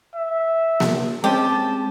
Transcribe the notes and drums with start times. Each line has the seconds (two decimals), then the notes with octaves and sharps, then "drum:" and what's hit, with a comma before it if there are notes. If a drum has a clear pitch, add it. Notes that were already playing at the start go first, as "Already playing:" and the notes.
0.15 E5
0.80 drum: snare A#3
1.24 G#3 C4 C#4 G4 A5